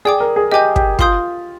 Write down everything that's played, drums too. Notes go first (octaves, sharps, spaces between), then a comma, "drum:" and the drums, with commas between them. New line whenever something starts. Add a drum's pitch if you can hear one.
G#4 D5 G5 D6
A#4
G#4
G4 D#5 G#5 D6 G6
G4, drum: kick
F4 F5 C6 D#6 G6, drum: kick